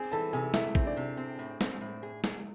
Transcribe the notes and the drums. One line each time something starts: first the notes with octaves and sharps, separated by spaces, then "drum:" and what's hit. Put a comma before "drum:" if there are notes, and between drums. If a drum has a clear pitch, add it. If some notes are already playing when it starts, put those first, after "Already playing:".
Already playing: C4 G#4 G#5
E3 A4 A5
C3 G#4 G#5
A3 E4 E5, drum: snare
C4, drum: kick
D4 D5
C3
C4
A2
C4, drum: snare
A2
G#4
G#4, drum: snare